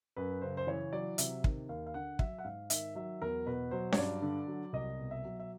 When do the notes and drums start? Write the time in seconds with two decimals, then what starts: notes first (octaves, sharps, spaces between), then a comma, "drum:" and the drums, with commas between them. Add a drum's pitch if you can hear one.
0.16 F#2 B4
0.42 C#3 C5
0.57 C5
0.67 E3 C#5
0.92 F#3 D5
1.18 C3 E5, drum: hi-hat
1.44 D#3, drum: kick
1.69 D#2 F5
1.87 F5
1.94 D3 F#5
2.19 F#3 E5, drum: kick
2.38 F#5
2.44 G#2 F5
2.70 D#3 E5, drum: hi-hat
2.95 F#3 E5
3.22 E2 A#4
3.46 B2 B4
3.71 F#3 C5
3.92 C#5, drum: snare C#4
3.97 G2 D5
4.22 D3
4.47 F#3
4.73 C2 D#5
4.99 B2
5.11 E5
5.24 F#3
5.40 E5